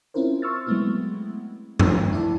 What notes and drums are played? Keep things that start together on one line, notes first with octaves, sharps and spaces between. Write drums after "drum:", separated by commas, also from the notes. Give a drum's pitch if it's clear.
C4 C#4 E4 F4 A#4 C5
C6 C#6 E6 F6 A6
F#3 G#3 A3 B3 C4 E4
D#3 F3 A3 D4, drum: tom G2
E4 D5 A5